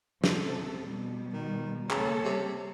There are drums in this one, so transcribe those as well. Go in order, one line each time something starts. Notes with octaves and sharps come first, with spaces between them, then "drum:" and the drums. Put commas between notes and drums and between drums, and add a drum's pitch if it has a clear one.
C3 A4, drum: snare
B2 G3
D#3
C#3 A#3 A4 C#5, drum: clap
C3 G3